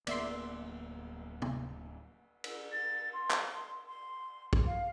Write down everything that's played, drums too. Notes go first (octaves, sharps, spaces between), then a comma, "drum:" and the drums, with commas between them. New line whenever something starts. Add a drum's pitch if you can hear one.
D1 A#3 B3 D5 E5 C6, drum: cymbal
drum: tom
drum: cymbal
A6
C6
drum: clap
C6
drum: kick
F5